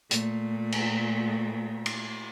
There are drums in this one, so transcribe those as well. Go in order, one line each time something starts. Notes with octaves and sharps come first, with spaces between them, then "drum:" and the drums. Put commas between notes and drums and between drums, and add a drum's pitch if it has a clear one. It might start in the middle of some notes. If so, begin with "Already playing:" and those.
A#2 A3, drum: hi-hat
drum: cymbal
drum: cymbal